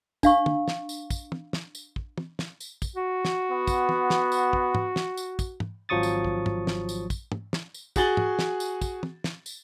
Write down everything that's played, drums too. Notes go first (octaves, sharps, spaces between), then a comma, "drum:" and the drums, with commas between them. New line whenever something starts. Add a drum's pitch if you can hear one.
D4 F5 C#6, drum: kick, tambourine
drum: tom
drum: snare
drum: tambourine
drum: kick, tambourine
drum: tom
drum: snare
drum: tambourine
drum: kick
drum: tom
drum: snare
drum: tambourine
drum: kick, tambourine
F#4
drum: snare
B3
drum: kick, tambourine
drum: tom
drum: snare
drum: tambourine
drum: kick
drum: tom
drum: snare
drum: tambourine
drum: kick, tambourine
drum: tom
G#1 F3 F#3 C#6 D#6 A6
drum: tambourine
drum: kick
drum: tom
drum: snare
drum: tambourine
drum: kick, tambourine
drum: tom
drum: snare
drum: tambourine
F#4 G#4 G#5 A6 F#7 G7, drum: kick, tambourine
drum: tom
drum: snare
drum: tambourine
drum: kick, tambourine
drum: tom
drum: snare
drum: tambourine